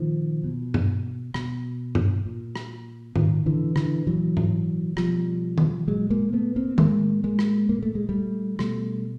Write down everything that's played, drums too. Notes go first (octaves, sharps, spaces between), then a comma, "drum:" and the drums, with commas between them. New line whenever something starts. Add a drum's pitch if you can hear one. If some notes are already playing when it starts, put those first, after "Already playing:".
Already playing: A#2 D#3 F3
B2
drum: tom G2
B2, drum: rim click
drum: tom G2
A#2
drum: rim click
A#2 D#3, drum: tom G#2
D3 E3
D3 E3, drum: rim click
A#2 E3 F#3
drum: tom G#2
B2 F3 G3, drum: rim click
drum: tom D#3
A#2 F#3 G#3
G#3 A#3
A3 B3
A#3 C4
A2 G#3 A#3, drum: tom D#3
G#3 A#3
drum: rim click
A#2 A#3
A3
G#3
G3 A3
B2 G3 A3, drum: rim click